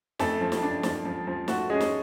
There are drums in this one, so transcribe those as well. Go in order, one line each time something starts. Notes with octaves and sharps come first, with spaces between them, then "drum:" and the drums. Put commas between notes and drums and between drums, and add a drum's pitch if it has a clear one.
F2 A3 A4, drum: snare
F3
drum: snare
D4
F3, drum: snare
F3
F3
A3 F#4, drum: snare
G#3 C#4 G#4
drum: snare